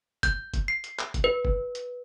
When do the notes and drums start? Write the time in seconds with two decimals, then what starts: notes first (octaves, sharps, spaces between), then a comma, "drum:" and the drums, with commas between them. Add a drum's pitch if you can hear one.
0.23 G6, drum: kick, hi-hat
0.54 drum: kick, hi-hat
0.68 C7
0.84 drum: hi-hat
0.99 drum: clap
1.14 drum: kick, hi-hat
1.24 B4
1.45 drum: kick
1.75 drum: hi-hat